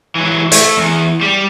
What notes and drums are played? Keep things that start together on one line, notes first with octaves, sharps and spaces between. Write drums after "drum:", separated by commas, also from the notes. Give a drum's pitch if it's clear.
E3 F#3
A3, drum: hi-hat
E2 E3
G3 G4